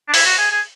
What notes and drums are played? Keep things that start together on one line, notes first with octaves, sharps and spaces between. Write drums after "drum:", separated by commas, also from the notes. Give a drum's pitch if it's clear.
D4
E4, drum: open hi-hat
F#4
G#4
G#4